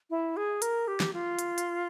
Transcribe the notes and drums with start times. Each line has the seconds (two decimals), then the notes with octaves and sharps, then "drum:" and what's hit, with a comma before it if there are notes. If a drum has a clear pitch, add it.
0.10 E4
0.37 G#4
0.62 A#4, drum: hi-hat
0.88 G4
1.00 drum: snare
1.14 F4
1.39 drum: hi-hat
1.58 drum: hi-hat